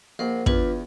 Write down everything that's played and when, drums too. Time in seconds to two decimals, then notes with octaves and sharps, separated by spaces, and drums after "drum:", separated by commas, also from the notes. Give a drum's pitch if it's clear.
0.19 A#1 A#4 C5 F#5
0.46 E2 D4 F4 B4, drum: kick